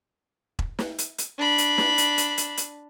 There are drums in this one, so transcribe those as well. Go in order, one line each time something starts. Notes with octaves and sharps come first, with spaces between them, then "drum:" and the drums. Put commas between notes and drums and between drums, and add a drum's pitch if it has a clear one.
drum: kick E1
drum: snare
drum: hi-hat
drum: hi-hat
D4 B5
drum: hi-hat
drum: snare
drum: hi-hat
drum: hi-hat
drum: hi-hat
drum: hi-hat